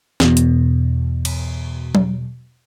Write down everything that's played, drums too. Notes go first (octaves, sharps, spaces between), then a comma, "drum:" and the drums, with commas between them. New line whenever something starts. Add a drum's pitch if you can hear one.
E2 B2, drum: snare
drum: hi-hat
drum: cymbal
drum: tom F#3